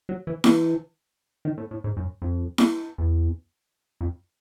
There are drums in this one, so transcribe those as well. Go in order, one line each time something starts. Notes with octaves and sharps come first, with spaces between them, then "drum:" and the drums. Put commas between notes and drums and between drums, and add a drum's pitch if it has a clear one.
F#3
E3
E3, drum: snare E4
D#3
A2
A2
G#2
F#2
F2
drum: snare E4
E2
F2